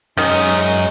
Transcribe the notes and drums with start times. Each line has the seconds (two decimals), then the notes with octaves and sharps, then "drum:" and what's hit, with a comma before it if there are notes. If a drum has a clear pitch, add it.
0.17 F#2 D#3 G#3 C#4 D#4, drum: open hi-hat
0.47 drum: hi-hat